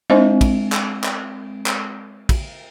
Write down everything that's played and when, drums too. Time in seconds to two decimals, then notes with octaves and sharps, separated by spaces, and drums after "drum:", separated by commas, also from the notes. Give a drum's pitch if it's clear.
0.10 G#3 C4 D4 C5 D#5
0.41 drum: kick, cymbal
0.72 drum: clap
1.04 drum: clap
1.66 drum: clap
2.29 drum: kick, cymbal